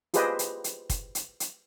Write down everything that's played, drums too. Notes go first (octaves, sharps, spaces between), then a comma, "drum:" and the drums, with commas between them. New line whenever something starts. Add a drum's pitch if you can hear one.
F4 G4 G#4 B4 C5 D#5, drum: hi-hat
drum: hi-hat
drum: hi-hat
drum: kick, hi-hat
drum: hi-hat
drum: hi-hat